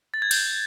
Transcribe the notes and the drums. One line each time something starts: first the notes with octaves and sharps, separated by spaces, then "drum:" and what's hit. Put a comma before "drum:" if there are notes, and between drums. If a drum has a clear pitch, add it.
A6
G#6
G6, drum: cymbal